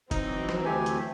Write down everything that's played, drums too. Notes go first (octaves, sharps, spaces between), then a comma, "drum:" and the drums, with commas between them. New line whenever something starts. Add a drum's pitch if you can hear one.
E3 F#3 C4 D#4, drum: kick, hi-hat
drum: snare
D2 A3 G4 G#5
drum: hi-hat